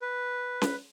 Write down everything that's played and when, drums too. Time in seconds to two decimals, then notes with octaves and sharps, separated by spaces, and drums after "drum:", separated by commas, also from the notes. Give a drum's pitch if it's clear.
0.02 B4
0.62 drum: snare C#4